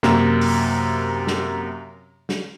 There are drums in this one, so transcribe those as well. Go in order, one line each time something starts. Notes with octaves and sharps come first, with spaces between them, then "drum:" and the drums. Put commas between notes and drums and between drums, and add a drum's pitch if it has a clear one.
F#2 C3 A#3, drum: snare
drum: open hi-hat
drum: snare
drum: snare